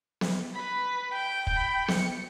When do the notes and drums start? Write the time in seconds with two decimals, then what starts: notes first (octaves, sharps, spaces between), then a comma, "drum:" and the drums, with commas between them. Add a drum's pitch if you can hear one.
0.21 drum: snare B3
0.54 B4 B5
1.13 G5
1.47 drum: kick
1.56 B5
1.89 C#7, drum: snare B3